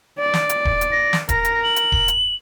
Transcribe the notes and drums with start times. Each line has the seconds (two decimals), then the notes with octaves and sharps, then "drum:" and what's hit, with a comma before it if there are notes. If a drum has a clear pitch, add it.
0.19 D5
0.34 drum: snare
0.49 drum: hi-hat
0.65 drum: kick D#1
0.81 drum: hi-hat
0.92 A#6
1.13 drum: snare
1.29 A#4 A#6, drum: kick D#1, hi-hat
1.45 drum: hi-hat
1.64 F#7
1.76 drum: hi-hat
1.92 drum: kick D#1
2.08 drum: hi-hat